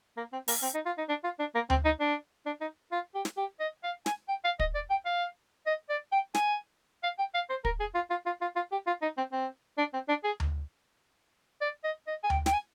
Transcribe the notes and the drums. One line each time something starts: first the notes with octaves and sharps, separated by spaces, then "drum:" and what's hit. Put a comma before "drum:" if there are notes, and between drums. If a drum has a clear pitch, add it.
A#3
C4
A#3, drum: open hi-hat
C4
D#4
F4
D#4
D4
F4
D4
A#3
C4, drum: tom D2
D#4
D4
D4
D#4
F4
G4
drum: snare
G4
D#5
F5
G#5, drum: snare
G5
F5
D#5, drum: kick
D5
G5
F5
D#5
D5
G5
G#5, drum: snare
F5
G5
F5
C5
A#4, drum: kick
G#4
F4
F4
F4
F4
F4
G4
F4
D#4
C4
C4
D4
C4
D4
G#4
drum: tom D2
D5
D#5
D#5
G#5
G5, drum: tom D2
G5, drum: snare
G#5